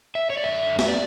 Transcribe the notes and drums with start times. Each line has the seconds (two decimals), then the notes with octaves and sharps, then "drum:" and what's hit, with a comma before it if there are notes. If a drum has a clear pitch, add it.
0.15 E5
0.30 C#5
0.37 D5
0.44 F#2 D3 E5
0.79 E5, drum: snare
0.89 D5